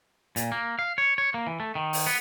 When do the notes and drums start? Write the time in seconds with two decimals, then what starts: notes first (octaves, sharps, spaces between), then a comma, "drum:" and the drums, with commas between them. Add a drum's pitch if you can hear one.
0.36 A#2, drum: hi-hat
0.52 A#3
0.79 F5
0.98 C#5
1.18 C#5
1.34 A#3
1.47 E3
1.60 A3
1.75 D#3
1.93 drum: open hi-hat
2.07 B3